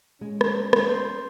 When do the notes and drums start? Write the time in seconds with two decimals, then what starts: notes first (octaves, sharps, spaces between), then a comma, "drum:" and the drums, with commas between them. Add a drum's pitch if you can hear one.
0.21 G#3 C#4
0.41 drum: rim click
0.73 drum: rim click
0.89 C6 G6